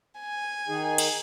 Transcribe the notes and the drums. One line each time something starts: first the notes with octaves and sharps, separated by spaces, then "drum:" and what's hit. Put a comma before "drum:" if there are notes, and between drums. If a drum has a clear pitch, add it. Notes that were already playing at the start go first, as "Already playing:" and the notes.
G#5
D#3 D#4 G#4
drum: cymbal